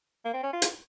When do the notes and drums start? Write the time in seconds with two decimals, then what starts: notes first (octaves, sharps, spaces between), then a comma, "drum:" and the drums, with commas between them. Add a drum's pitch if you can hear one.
0.25 A#3
0.34 C4
0.43 C#4
0.53 F4
0.62 drum: hi-hat